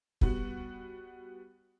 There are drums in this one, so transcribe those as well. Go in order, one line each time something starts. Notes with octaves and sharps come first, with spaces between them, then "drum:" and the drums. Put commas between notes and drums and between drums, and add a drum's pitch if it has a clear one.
G3 B3 F#4, drum: kick